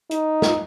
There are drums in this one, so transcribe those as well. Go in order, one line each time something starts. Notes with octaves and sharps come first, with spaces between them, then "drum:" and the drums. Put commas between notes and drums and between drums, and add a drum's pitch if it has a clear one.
D#4, drum: hi-hat
drum: snare